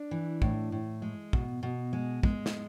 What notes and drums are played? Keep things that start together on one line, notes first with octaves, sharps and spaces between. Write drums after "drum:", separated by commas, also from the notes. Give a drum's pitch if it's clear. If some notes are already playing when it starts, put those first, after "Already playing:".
Already playing: D4
E3
A2, drum: kick
A2
G#3
B2, drum: kick
B2
G#3
G#3, drum: kick
drum: snare